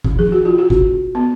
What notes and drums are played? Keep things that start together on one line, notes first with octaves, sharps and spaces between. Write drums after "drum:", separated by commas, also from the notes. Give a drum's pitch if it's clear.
drum: kick
G#4, drum: tom F3
F#4
F4
F#4
drum: kick
B3